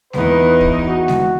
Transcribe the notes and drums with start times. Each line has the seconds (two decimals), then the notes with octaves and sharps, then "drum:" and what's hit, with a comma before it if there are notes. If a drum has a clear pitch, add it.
0.13 E2 D#4 B4, drum: snare G#3
0.61 drum: kick
0.86 F#4
1.08 drum: snare G#3